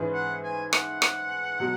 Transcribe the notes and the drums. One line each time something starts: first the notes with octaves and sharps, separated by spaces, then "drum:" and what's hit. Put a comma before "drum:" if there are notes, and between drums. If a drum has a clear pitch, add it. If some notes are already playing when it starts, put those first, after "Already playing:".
Already playing: G#2 E3 C#4 G#4 B4
F#5
G#5
F#5, drum: rim click
drum: rim click
B2 F#3